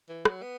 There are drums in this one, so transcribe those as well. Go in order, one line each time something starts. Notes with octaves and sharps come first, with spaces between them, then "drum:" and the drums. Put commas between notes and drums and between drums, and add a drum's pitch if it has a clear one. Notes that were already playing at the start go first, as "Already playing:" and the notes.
E3
F#3, drum: rim click
B3